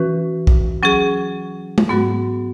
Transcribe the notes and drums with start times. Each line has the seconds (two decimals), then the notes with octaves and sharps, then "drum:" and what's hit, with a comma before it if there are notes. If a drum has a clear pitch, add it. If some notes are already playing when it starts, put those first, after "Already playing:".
Already playing: E3 C#4 F#4 B4
0.47 drum: kick
0.83 F#3 C#4 G#4
1.78 drum: tom
1.89 G#2 F#3 B3 F#4